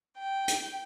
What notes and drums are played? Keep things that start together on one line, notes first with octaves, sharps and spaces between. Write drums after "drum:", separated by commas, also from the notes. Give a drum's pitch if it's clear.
G5
drum: hi-hat